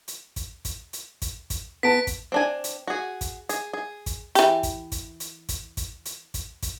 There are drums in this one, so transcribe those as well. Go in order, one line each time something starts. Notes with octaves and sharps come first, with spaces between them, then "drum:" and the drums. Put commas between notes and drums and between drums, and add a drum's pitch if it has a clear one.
drum: hi-hat
drum: kick, hi-hat
drum: kick, hi-hat
drum: hi-hat
drum: kick, hi-hat
drum: kick, hi-hat
B3 A5 B6 D7
drum: kick, hi-hat
C4 D4 G#5
drum: hi-hat
F#4 G#4
drum: kick, hi-hat
G#4, drum: hi-hat
G#4
drum: kick, hi-hat
E3 G4, drum: hi-hat
drum: kick, hi-hat
drum: kick, hi-hat
drum: hi-hat
drum: kick, hi-hat
drum: kick, hi-hat
drum: hi-hat
drum: kick, hi-hat
drum: kick, hi-hat